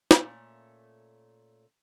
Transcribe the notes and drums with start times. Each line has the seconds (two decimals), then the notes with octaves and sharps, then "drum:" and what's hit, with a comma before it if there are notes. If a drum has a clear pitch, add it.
0.11 A#2 A3 C#4, drum: snare